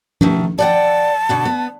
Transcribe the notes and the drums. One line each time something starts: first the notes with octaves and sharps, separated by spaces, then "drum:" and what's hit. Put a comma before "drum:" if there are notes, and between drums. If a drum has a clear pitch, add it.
B2 D#3 A3, drum: tom F3
D5 F#5 G5 A5
B2 D3 F#5
B3